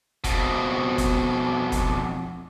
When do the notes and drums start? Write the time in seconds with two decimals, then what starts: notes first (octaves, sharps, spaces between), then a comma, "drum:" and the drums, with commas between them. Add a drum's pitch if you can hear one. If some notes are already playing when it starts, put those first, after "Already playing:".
0.24 F2 B2, drum: kick F#1, hi-hat
0.98 drum: kick F#1, hi-hat
1.72 drum: kick F#1, hi-hat